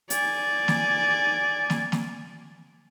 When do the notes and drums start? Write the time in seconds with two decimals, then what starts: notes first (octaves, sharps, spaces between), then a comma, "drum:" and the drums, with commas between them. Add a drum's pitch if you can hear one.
0.10 D5 G#5, drum: hi-hat
0.68 drum: snare
1.70 drum: snare
1.92 drum: snare